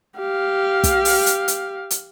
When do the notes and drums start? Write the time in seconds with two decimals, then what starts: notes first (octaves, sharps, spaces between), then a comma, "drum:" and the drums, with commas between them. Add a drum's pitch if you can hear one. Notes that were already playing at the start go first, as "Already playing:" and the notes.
0.19 G4 F5
0.84 drum: kick, hi-hat
1.05 drum: open hi-hat
1.26 drum: hi-hat
1.48 drum: hi-hat
1.91 drum: hi-hat